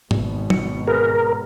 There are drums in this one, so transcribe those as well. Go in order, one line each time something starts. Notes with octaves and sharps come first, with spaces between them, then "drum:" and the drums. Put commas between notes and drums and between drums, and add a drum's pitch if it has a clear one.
G#1 B2, drum: tom
C#7, drum: tom
G#4 A#4 B4